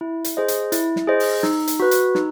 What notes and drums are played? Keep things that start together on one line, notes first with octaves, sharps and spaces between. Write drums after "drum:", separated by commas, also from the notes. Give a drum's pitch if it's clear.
E4
drum: hi-hat
G#4 C5 D#5
drum: hi-hat
E4, drum: hi-hat
drum: snare
G#4 C5 D#5
drum: open hi-hat
D#4, drum: snare
drum: hi-hat
F#4 B4
drum: hi-hat
D#4, drum: snare